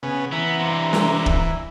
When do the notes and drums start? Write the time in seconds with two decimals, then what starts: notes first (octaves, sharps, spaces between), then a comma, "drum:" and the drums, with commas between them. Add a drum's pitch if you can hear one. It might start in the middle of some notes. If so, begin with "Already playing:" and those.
0.03 C#3 B3 G#5
0.32 E3 B3 A#5
0.60 G2 C3
0.93 drum: snare
1.26 drum: kick